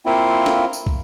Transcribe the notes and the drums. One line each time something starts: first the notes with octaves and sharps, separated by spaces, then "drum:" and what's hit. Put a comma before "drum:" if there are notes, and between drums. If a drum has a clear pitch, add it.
A#3 C4 E4 F4
drum: snare
drum: tambourine
drum: kick